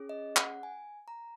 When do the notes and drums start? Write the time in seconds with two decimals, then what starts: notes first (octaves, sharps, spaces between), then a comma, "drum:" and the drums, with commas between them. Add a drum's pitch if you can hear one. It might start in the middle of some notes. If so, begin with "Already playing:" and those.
Already playing: C#4 G#4
0.09 D#5
0.36 F#5, drum: clap
0.63 G#5
1.08 A#5